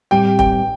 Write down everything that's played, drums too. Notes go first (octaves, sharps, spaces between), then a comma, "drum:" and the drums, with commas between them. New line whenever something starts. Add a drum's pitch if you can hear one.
A2 G3 C4 G4 G5
G5, drum: kick F1